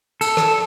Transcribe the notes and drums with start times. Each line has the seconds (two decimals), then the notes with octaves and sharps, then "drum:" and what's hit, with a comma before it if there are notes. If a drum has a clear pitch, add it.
0.21 A4, drum: cymbal
0.37 drum: rim click